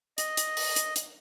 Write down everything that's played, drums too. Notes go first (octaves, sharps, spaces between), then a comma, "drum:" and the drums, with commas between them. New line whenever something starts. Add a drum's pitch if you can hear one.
D#5, drum: hi-hat
drum: hi-hat
drum: open hi-hat
drum: hi-hat
drum: hi-hat